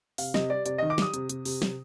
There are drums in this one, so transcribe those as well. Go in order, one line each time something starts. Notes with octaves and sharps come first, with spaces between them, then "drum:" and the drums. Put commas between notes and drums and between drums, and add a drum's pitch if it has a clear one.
C3 F5, drum: open hi-hat
C3 D#5, drum: snare
G3 D5
C3 D5, drum: hi-hat
D#3 D#5
D6
G3 D#6, drum: snare
C3, drum: hi-hat
C3, drum: hi-hat
C3, drum: open hi-hat
C3, drum: snare